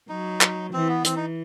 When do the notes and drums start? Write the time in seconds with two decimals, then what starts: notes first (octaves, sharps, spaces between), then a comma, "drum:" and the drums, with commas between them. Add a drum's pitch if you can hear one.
0.09 F#3 D#4
0.41 drum: clap
0.73 E3 C4
0.89 B3
1.05 E3 C4, drum: hi-hat
1.16 D#4